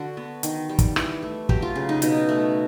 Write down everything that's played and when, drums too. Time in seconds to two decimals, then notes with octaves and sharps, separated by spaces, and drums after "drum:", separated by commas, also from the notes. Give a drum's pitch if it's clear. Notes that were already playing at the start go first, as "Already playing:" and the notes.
Already playing: D3 F#4
0.17 B3
0.43 D#3, drum: hi-hat
0.69 G3
0.79 drum: kick, hi-hat
0.96 E3, drum: rim click
1.23 A3
1.49 F#3 G4, drum: kick
1.62 F4
1.76 C#3
1.89 D#4
2.02 B2 D#4, drum: hi-hat
2.29 A3